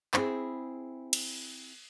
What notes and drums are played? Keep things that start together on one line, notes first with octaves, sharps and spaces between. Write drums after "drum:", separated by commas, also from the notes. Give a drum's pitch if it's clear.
C4 E4 G#4, drum: clap
drum: cymbal